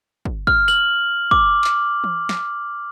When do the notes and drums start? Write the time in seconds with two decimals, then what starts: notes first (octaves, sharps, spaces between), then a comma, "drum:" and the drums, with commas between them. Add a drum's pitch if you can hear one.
0.25 drum: kick
0.47 F6, drum: kick
0.68 F#7, drum: tambourine
1.31 D6, drum: kick
1.64 drum: clap
2.04 drum: tom E3
2.29 drum: snare